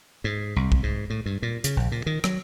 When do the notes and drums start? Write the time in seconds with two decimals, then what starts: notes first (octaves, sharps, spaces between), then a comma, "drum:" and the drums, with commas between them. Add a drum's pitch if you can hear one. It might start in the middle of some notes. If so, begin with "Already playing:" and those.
0.24 G#2
0.56 C2
0.72 drum: kick
0.83 G#2
1.10 A2
1.26 G2
1.42 A#2
1.64 C#3, drum: hi-hat
1.77 A#1
1.92 A#2
2.06 D#3
2.24 F#3, drum: rim click